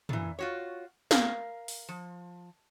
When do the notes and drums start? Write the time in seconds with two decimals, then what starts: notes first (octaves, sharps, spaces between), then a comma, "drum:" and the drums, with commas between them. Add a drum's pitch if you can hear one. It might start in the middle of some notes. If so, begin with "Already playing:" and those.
0.09 A#2 E3, drum: tom
0.39 F4 F#4 C#5
1.11 A#4 F5, drum: snare
1.68 drum: open hi-hat
1.89 F3